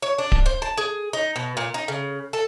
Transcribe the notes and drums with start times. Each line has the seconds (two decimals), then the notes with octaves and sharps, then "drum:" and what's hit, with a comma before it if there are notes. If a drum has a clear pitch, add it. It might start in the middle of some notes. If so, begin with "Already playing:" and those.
0.02 C#5
0.18 D4
0.32 drum: kick D1
0.46 C5
0.62 A5
0.78 G#4
1.13 D#4
1.36 B2
1.57 A#2
1.74 D#4
1.88 C#3
2.33 A4